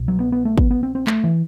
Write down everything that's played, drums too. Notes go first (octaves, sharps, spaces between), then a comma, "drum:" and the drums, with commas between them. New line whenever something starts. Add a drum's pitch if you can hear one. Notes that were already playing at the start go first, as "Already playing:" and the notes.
Already playing: C2 B2
F#3
B3
B3
A3
B3, drum: kick
B3
C4
C4
A3, drum: clap
E3